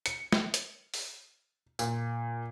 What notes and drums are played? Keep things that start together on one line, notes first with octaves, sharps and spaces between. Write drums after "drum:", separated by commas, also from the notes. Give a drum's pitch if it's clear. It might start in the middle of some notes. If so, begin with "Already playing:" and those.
C#7, drum: hi-hat
drum: snare
drum: hi-hat
drum: open hi-hat
A#2, drum: tambourine